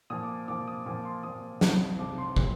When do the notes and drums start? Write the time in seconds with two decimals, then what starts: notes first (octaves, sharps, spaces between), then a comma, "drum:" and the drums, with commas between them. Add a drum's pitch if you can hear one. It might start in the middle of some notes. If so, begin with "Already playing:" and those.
0.10 A#2 F3 D#6
0.23 D6
0.48 A#2 F3 D6
0.67 D#6
0.86 A#2 F3 D6
1.05 C6
1.23 A#2 F3 D#6
1.61 C3 F3, drum: snare
1.99 C3 F3 D6
2.18 C6
2.36 A#2, drum: kick